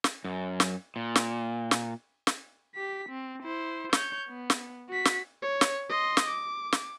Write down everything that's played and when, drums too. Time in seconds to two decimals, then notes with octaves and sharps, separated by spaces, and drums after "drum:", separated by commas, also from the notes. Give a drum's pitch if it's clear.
0.04 drum: snare
0.24 F#2
0.60 drum: snare
0.96 A#2
1.15 drum: snare
1.71 drum: snare
2.27 drum: snare
2.75 G4 B6
3.09 C4
3.43 E4 C5
3.93 C#5 G6, drum: snare
4.29 B3
4.50 drum: snare
4.89 F#4 B6
5.05 drum: snare
5.42 C#5
5.61 drum: snare
5.89 D#5 C6
6.17 drum: snare
6.27 D6
6.72 drum: snare